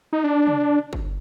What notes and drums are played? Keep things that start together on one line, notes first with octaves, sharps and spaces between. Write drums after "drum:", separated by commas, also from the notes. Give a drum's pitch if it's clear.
D#4
D4
drum: tom C3
drum: kick G1